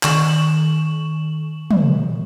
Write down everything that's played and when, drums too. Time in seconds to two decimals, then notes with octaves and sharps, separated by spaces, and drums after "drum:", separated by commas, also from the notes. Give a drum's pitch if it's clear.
0.03 D#3 C#6 E7 F#7, drum: clap
1.71 drum: tom